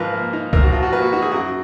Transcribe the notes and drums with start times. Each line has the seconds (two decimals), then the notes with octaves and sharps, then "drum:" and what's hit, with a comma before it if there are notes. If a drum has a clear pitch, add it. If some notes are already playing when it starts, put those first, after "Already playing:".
Already playing: G#2 F3 A#4 B4
0.13 A#3
0.33 D#4
0.53 G#2 A#4, drum: kick
0.63 F#4
0.72 F3 F4
0.83 F#4
0.93 A#3 B4
1.02 F#4
1.13 D#4 F#4
1.22 G#4
1.32 F#2 F#4